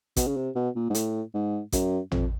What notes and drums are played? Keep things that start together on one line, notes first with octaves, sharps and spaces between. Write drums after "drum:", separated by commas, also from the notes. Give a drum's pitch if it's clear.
B2, drum: kick, hi-hat
C#3
C3
B2
A#2
G#2
A2, drum: hi-hat
G#2
F#2, drum: kick, hi-hat
F2, drum: tom